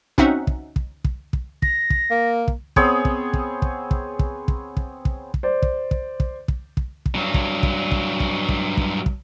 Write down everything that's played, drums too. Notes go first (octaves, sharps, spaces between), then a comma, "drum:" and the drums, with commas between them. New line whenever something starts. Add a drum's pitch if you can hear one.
C4 C#4 D#4 F#4 E5 F#5, drum: kick
drum: kick
drum: kick
drum: kick
drum: kick
A#6, drum: kick
drum: kick
A#3
drum: kick
B3 C4 G#4 C#5, drum: kick
drum: kick
drum: kick
drum: kick
drum: kick
drum: kick
drum: kick
drum: kick
drum: kick
drum: kick
C5 D5
drum: kick
drum: kick
drum: kick
drum: kick
drum: kick
drum: kick
G2 F#3
drum: kick
drum: kick
drum: kick
drum: kick
drum: kick
drum: kick
drum: kick